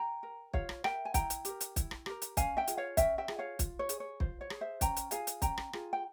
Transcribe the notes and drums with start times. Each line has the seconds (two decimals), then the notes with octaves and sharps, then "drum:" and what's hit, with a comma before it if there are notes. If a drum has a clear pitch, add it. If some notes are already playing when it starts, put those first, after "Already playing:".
Already playing: G5 A#5
0.23 A#4
0.54 F4 C#5 F5, drum: kick
0.69 drum: rim click
0.84 A#4 E5 G5, drum: rim click
1.05 G#5
1.14 E4 G5 A#5, drum: kick, hi-hat
1.30 drum: hi-hat
1.45 G4 A#4, drum: hi-hat
1.60 drum: hi-hat
1.76 E4, drum: kick, hi-hat
1.91 drum: rim click
2.06 G4 A#4, drum: rim click
2.22 drum: hi-hat
2.37 C#4 F5 G#5, drum: kick, hi-hat
2.57 E5 G5
2.67 F4 G#4, drum: hi-hat
2.77 C#5 F5
2.97 C#4 E5 G5, drum: kick, hi-hat
3.18 E5 G5
3.28 F4 G#4, drum: rim click
3.39 C#5 F5
3.59 F4, drum: kick, hi-hat
3.79 C#5
3.89 G#4, drum: hi-hat
4.00 C#5
4.20 F4 C5, drum: kick
4.41 C#5
4.50 G#4, drum: rim click
4.61 C5 E5
4.81 C#4 G5 A#5, drum: kick, hi-hat
4.96 drum: hi-hat
5.11 F4 G#4 F5 G#5, drum: hi-hat
5.27 drum: hi-hat
5.42 C#4 G5 A#5, drum: kick, hi-hat
5.58 drum: rim click
5.73 F4 G#4, drum: rim click
5.93 G5